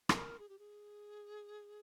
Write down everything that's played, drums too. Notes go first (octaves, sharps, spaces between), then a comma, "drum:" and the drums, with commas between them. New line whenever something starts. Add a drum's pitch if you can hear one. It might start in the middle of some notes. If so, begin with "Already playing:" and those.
A#4, drum: rim click
G#4
G4
G#4